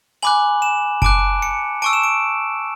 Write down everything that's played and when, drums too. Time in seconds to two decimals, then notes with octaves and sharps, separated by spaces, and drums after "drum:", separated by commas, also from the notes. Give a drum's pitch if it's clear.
0.22 G#5 B5 D6 F#6 F#7
0.62 E7
1.02 A5 D6 F#6 D7, drum: kick F#1
1.42 C#7
1.82 A5 C#6 E6 D7
1.93 E7
2.03 D7